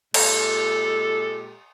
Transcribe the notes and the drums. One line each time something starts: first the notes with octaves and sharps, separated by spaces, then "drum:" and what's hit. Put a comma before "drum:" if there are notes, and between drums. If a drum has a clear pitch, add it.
A#2 G#3 G4 A4, drum: cymbal